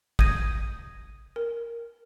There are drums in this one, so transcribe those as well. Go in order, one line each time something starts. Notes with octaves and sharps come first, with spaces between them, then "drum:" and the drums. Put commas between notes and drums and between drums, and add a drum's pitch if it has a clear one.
D#6 G6 G#6 A#6 D#7, drum: kick
A#4